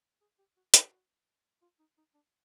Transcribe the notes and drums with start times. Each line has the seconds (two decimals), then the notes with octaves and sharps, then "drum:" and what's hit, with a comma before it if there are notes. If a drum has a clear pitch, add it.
0.21 G#4
0.39 G4
0.57 F#4
0.74 F#4, drum: hi-hat
1.62 F4
1.79 D#4
1.98 D#4
2.14 D4